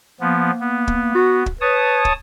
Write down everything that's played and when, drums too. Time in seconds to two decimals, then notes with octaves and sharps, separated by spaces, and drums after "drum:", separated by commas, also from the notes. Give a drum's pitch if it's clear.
0.21 F3 A#3 B3
0.60 B3
0.88 drum: kick
1.15 F#4
1.46 drum: kick
1.61 B4 C#5 A5 D#6
2.05 drum: kick